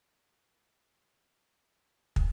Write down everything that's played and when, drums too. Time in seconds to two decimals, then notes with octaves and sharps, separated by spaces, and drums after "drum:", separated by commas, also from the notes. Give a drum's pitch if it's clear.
0.22 G5 B5
2.16 drum: kick